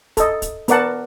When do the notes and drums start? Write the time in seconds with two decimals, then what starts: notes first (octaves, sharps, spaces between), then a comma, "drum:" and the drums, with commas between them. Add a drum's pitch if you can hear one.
0.17 A4 D#5, drum: kick, hi-hat
0.42 drum: kick, hi-hat
0.68 B3 A#4 D5 F#5 A5, drum: hi-hat